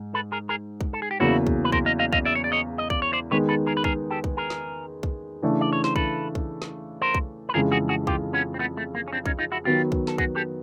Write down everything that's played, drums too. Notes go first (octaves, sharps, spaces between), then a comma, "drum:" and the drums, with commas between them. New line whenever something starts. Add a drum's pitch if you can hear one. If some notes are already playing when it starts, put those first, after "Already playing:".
Already playing: G#2
A4 B4
G#4 A#4
G#4 A#4
drum: kick
A4
G#4
G4
E2 C#3 F#3 A#3 C#4 E4 F#4
drum: kick
B4
A#4 C5, drum: kick
D#5 F5
D#5 F5
D#5 F5, drum: kick
D5 E5
C#5
D5
C#5 D#5
D#5
D5, drum: kick
C#5
C5 D5
D#3 G#3 B3 D#4 B4 C#5
A4 B4
G#4 A#4
B4
G#4 A#4, drum: kick
G4 A4
drum: kick
G#4 A#4
drum: snare
drum: kick
C#3 E3 A3 D4
D5
C#5
C5, drum: snare
A4 B4, drum: kick
drum: kick
drum: snare
A#4 C5
drum: kick
B4
F2 C#3 E3 G#3 G#4 A#4
F#4 G#4
F#4 G#4
F4 G4, drum: kick
B3 C#4
C4
A3 B3
A3
A#3
C#4
C4 D4
C#4 D#4, drum: kick
D#4 F4
E4 F#4
D#3 F#3 B3 F4 G4
drum: kick
A4, drum: snare
F#4 G#4, drum: kick
G4 A4